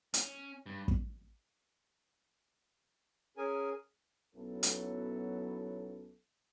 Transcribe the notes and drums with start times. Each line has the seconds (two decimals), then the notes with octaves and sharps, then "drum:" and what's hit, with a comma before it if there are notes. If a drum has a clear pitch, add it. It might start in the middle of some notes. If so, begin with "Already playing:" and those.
0.14 C#4, drum: hi-hat
0.66 G2
0.88 drum: kick
3.37 C#4 G#4 A#4 G#5
4.35 B1 F#3 B3 C#4 E4 A4
4.63 drum: hi-hat